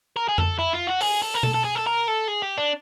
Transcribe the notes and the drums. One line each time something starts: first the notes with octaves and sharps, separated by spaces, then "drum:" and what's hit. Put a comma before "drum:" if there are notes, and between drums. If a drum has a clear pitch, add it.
A#4
G#4
A4, drum: tom F2
E4
F4
F#4
G#4, drum: open hi-hat
A4
A#4
A4, drum: tom B2
A4
G#4
A4
A#4
A4
G#4
G4
D4